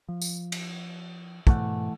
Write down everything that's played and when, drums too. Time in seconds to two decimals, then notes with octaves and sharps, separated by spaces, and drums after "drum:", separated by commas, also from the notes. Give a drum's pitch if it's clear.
0.09 F3
0.22 drum: tambourine
0.52 drum: cymbal
1.47 G#2 B2 E3 A3 F#5, drum: kick